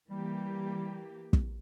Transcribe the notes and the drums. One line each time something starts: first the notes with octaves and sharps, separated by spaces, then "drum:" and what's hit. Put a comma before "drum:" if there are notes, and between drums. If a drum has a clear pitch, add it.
E3 G3 A#3 G4
drum: kick